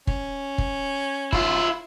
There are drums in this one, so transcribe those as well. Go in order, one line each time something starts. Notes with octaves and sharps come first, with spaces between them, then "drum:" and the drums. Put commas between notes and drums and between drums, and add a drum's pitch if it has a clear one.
C#4, drum: kick
drum: kick
E4 F4, drum: kick